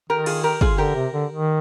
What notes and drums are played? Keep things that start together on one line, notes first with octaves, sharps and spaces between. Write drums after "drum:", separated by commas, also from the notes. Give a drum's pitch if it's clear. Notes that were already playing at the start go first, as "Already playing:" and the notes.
D#3 G4 A#4
F4 G#4, drum: cymbal
G4 A#4
F4 G#4, drum: kick
D3 G4 A#4
C3
D3
D#3